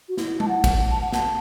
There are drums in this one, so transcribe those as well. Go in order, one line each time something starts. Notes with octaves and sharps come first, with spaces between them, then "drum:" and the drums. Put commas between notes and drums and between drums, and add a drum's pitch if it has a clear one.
F#4
E4, drum: snare
A5, drum: tom G#3
F#5
drum: kick, cymbal
A5
F#5
A5, drum: snare